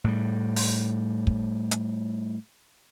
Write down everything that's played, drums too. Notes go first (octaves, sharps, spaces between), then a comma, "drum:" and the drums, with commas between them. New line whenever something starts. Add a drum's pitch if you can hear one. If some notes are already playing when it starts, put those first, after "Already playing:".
A2 G3
drum: open hi-hat
drum: kick
drum: hi-hat